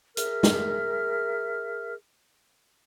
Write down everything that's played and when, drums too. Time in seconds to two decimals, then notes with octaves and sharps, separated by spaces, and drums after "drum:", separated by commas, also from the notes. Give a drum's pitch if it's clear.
0.17 G#4 A#4 E5 F6, drum: hi-hat
0.43 drum: snare